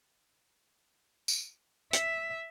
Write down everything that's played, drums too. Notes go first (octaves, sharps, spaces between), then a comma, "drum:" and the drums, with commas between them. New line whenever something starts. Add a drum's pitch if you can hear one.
drum: tambourine
E5, drum: hi-hat